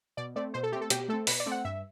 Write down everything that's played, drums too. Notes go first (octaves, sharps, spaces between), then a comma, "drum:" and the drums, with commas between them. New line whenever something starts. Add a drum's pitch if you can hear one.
B2 D5
A3 C4 D5
B2 C5
A4
A3 C4 G4
A4
B2 G4, drum: hi-hat
A3 C4 A4
B2 B4, drum: open hi-hat
D5
A3 C4
F#5
G2 E5